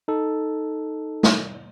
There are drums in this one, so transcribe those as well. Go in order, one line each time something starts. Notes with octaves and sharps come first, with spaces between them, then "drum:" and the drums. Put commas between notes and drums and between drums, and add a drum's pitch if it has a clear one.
D#4 A4
drum: snare